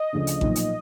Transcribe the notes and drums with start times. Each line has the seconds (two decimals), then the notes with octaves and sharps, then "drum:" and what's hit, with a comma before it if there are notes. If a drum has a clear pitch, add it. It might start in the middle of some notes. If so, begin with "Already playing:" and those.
Already playing: D#5
0.13 D2 C#3 F3 A3 D4
0.27 drum: hi-hat
0.41 B1 A#2 F3, drum: kick A1
0.56 drum: hi-hat